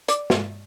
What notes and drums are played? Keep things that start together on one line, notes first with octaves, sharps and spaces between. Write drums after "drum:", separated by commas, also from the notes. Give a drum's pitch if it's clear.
D5, drum: hi-hat
drum: snare